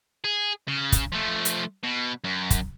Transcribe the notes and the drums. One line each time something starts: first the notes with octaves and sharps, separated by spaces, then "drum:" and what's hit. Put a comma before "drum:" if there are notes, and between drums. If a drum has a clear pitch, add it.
G#4
C#3
drum: kick, hi-hat
F3 A3
drum: hi-hat
B2
F#2
drum: kick, hi-hat